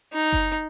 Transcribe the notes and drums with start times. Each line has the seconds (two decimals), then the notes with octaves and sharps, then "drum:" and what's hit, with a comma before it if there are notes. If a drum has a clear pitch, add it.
0.13 D#4
0.33 drum: kick F#1